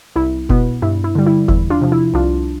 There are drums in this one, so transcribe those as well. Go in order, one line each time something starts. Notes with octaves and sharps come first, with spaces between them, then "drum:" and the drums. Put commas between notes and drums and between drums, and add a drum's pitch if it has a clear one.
C2 E4
B2 B3, drum: kick F1
G2 E4
E4
D3 G3
E4
E2 E4, drum: kick F1
D4 F4
C3 F3
E4
C2 D4 F4